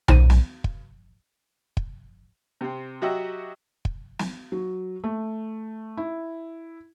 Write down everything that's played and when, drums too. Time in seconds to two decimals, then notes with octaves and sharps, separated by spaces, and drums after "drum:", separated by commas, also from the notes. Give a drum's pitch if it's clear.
0.08 D#2 D#3 D#4 C5 D#7, drum: tom B1
0.30 drum: snare
0.64 drum: kick
1.77 drum: kick
2.61 C3 C4
3.02 F#3 F#4 G4 D#5 E5
3.85 drum: kick
4.19 drum: snare
4.52 F#3
5.04 A3
5.97 E4